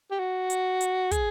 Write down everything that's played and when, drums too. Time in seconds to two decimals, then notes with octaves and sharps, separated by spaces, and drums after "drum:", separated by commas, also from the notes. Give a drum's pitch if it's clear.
0.11 G4
0.19 F#4
0.50 drum: hi-hat
0.81 drum: hi-hat
1.11 G#4, drum: kick, hi-hat